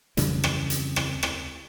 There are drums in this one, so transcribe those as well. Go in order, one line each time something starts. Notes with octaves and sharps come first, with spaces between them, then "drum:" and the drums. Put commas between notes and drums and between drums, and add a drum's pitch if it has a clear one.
F2 C#3 E3 G3, drum: hi-hat
drum: rim click
drum: hi-hat
drum: rim click
drum: rim click